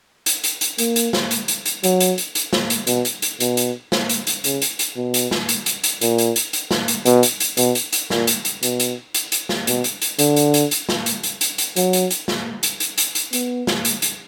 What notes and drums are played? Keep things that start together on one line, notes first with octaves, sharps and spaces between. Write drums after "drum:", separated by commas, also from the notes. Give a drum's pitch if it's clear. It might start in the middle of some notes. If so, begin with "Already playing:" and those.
drum: hi-hat
drum: hi-hat
drum: hi-hat
A#3, drum: hi-hat
drum: hi-hat
drum: snare
drum: hi-hat
drum: hi-hat
drum: hi-hat
F#3, drum: hi-hat
drum: hi-hat
drum: hi-hat
drum: hi-hat
drum: snare
drum: hi-hat
B2, drum: hi-hat
drum: hi-hat
drum: hi-hat
B2, drum: hi-hat
drum: hi-hat
drum: snare
drum: hi-hat
drum: hi-hat
C#3, drum: hi-hat
drum: hi-hat
drum: hi-hat
B2
drum: hi-hat
drum: snare
drum: hi-hat
drum: hi-hat
drum: hi-hat
A#2, drum: hi-hat
drum: hi-hat
drum: hi-hat
drum: hi-hat
drum: snare
drum: hi-hat
B2, drum: hi-hat
drum: hi-hat
drum: hi-hat
B2, drum: hi-hat
drum: hi-hat
drum: hi-hat
A#2, drum: snare
drum: hi-hat
drum: hi-hat
B2, drum: hi-hat
drum: hi-hat
drum: hi-hat
drum: hi-hat
drum: snare
B2, drum: hi-hat
drum: hi-hat
drum: hi-hat
D3, drum: hi-hat
drum: hi-hat
drum: hi-hat
drum: hi-hat
drum: snare
drum: hi-hat
drum: hi-hat
drum: hi-hat
drum: hi-hat
F#3, drum: hi-hat
drum: hi-hat
drum: hi-hat
drum: snare
drum: hi-hat
drum: hi-hat
drum: hi-hat
drum: hi-hat
B3, drum: hi-hat
drum: snare
drum: hi-hat
drum: hi-hat